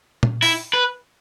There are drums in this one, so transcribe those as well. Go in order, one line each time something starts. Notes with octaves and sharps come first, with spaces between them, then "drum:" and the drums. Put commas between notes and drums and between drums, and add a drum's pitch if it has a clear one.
drum: tom A#2
E4, drum: open hi-hat
B4